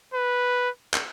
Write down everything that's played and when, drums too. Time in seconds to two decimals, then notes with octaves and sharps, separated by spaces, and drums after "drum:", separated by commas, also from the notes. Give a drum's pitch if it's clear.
0.14 B4
0.94 drum: clap